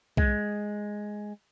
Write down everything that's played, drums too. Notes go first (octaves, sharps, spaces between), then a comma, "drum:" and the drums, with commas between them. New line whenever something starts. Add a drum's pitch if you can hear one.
G#3, drum: kick B1